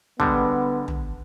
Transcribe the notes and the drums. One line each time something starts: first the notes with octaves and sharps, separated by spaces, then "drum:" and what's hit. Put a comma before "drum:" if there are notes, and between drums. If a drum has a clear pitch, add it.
D3 G3 G#3 B3, drum: kick
drum: tom